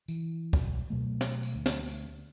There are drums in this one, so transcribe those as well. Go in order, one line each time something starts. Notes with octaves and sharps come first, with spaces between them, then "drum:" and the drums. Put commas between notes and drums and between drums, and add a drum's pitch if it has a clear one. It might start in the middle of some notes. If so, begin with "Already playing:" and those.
E3, drum: tambourine
B1, drum: kick, tambourine
B2 F#3 A3
drum: snare
drum: tambourine
D2
drum: snare
drum: tambourine